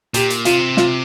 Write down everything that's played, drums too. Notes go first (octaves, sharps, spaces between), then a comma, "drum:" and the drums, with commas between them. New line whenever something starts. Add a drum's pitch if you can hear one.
A#2 G4, drum: hi-hat
drum: hi-hat
C3 F4, drum: hi-hat
F4, drum: snare